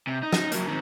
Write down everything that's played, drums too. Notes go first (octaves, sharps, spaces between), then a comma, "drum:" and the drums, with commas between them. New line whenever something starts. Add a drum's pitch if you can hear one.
C3
D#4
drum: snare
F#3 A#3, drum: hi-hat
D#3 C4